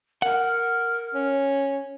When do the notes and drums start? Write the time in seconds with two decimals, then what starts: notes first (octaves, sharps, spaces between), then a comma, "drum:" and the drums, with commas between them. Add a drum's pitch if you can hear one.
0.22 A#4 F#5, drum: open hi-hat
1.14 C#4